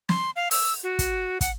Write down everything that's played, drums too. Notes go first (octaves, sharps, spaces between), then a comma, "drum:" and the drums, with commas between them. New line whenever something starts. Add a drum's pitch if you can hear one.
C6, drum: snare
F5
E6, drum: open hi-hat
F#4
drum: kick, hi-hat
F#5, drum: kick, hi-hat